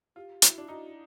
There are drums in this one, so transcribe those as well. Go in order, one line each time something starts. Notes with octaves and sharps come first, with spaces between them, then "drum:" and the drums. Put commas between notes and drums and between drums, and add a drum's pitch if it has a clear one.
F4 G4
E4 F#4, drum: hi-hat
D4
D#4 F#4